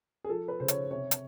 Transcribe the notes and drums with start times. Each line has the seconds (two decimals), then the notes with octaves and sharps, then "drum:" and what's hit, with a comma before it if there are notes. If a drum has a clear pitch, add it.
0.24 G#4
0.29 F3 A4
0.48 B4
0.60 C#3 C5
0.68 C#5, drum: hi-hat
0.75 C5
0.90 C3 C#5
1.11 drum: hi-hat